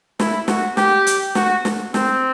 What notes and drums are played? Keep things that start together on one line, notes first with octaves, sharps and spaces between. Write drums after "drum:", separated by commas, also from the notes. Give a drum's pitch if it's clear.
E4, drum: snare
F#4, drum: snare
G4, drum: snare
drum: hi-hat
F#4, drum: snare
drum: snare
C4, drum: snare